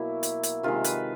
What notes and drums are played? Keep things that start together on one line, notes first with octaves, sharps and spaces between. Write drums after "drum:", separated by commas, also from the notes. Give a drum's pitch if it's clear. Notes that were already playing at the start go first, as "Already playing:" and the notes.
Already playing: B2 F#3 A#3 E4
drum: hi-hat
drum: hi-hat
C3 D#3 G#3 F4
B4, drum: hi-hat